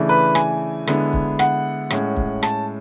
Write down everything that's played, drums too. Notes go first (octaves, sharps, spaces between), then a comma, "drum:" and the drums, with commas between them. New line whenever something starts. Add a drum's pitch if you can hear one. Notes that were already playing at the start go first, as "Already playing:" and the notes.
Already playing: C#3 E3 A3 D4
B4
G#5, drum: rim click
D3 G#3 B3 E4, drum: rim click
drum: kick
F#5, drum: rim click
A2 G#3 C#4, drum: rim click
drum: kick
A5, drum: rim click